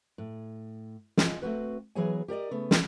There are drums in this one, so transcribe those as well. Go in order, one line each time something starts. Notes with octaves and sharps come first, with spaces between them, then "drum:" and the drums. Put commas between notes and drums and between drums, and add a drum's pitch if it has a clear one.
A2
F4 D#5 G#5, drum: snare
A3 C4 F#4 B4
E3 F#3 B3 G#4 C#5 G#5
G4 A#4 D5 D#5
C#3 A3 B3
drum: snare